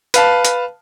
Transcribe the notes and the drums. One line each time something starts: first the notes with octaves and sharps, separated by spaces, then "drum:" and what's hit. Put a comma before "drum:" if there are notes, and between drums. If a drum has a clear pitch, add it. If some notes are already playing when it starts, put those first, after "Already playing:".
B4 F5 A5, drum: hi-hat
drum: hi-hat